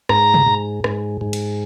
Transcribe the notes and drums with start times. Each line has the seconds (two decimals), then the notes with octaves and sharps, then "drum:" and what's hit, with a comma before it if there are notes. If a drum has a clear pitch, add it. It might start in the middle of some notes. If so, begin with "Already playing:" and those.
0.09 G#2 A#5, drum: rim click
0.34 drum: tom B2
0.46 G#2
0.84 G#2, drum: rim click
1.21 G#2
1.33 drum: cymbal